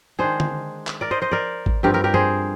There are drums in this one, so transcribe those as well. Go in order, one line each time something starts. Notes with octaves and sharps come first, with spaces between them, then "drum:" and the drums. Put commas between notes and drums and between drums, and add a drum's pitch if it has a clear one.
D#3 G#3 D4 G#4 C5
drum: tom D3
drum: clap
A#4 D5
C5 D#5
C5 D#5
A#4 D5
drum: kick G#1
G2 F3 C4 G4 A#4
G4 A#4
G4 A#4
G#4 C5, drum: tom G2